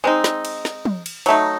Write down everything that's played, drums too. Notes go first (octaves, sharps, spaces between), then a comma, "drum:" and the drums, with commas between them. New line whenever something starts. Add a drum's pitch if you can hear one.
G#3 C4 D#4
drum: snare
drum: cymbal
drum: snare
drum: tom
drum: cymbal
F#3 A3 D#4, drum: cymbal